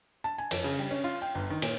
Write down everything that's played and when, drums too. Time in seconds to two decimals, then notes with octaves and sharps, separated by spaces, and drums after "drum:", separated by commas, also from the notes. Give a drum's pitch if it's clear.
0.24 A5
0.38 G#5
0.51 F2, drum: cymbal
0.64 C#3
0.79 G3
0.91 C#4
1.04 F4
1.22 G5
1.35 G1
1.50 D#3
1.62 A#2, drum: cymbal